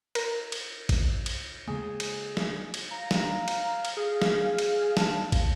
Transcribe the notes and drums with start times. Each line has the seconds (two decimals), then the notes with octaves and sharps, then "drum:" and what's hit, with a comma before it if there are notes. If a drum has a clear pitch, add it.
0.15 A#4, drum: cymbal
0.52 drum: cymbal
0.89 drum: kick, cymbal
1.26 drum: cymbal
1.68 C#3 G#3 A#3 G#4
2.00 drum: cymbal
2.37 drum: snare
2.74 drum: cymbal
2.91 F5 A#5
3.11 drum: snare
3.48 drum: cymbal
3.85 drum: cymbal
3.97 G#4
4.22 drum: snare
4.58 drum: cymbal
4.97 A5, drum: snare
5.32 drum: kick, cymbal